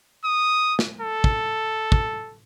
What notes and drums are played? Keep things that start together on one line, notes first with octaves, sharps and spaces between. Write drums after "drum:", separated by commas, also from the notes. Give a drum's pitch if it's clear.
D#6
drum: snare
A4
drum: kick
drum: kick